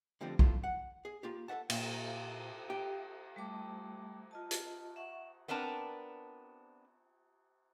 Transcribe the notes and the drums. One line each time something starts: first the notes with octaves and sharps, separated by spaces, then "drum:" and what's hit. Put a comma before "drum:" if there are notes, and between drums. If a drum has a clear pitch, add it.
D3 F3 G3 A3 C4
F2 A2 A3 F4, drum: kick B1
F#5
G#4
A#3 F4 G4
A4 B4 E5 F#5 A5
A#2, drum: cymbal
G4
G3 A3 A5 D6
F4 D#5 A5
drum: hi-hat
E5 F#5 C#6
B3 C4 D4 A#4 A5